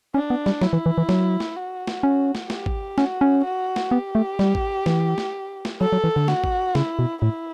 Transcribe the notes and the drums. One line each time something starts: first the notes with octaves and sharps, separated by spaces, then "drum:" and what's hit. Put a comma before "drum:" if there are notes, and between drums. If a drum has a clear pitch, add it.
C#4 D4
B3
G3, drum: snare
F#3 E4, drum: snare
E3
E3
E3
F#3, drum: snare
drum: snare
F#4
drum: snare
C#4
drum: snare
G4, drum: snare
drum: kick
C#4 F#4, drum: snare
C#4
F#4
drum: snare
B3 G4
A3
G3, drum: snare
drum: kick
E3, drum: snare
drum: snare
drum: snare
F#3 A4
F#3
E3
D3
F#4, drum: snare
drum: kick
C#3 E4, drum: snare
B2
A2 E4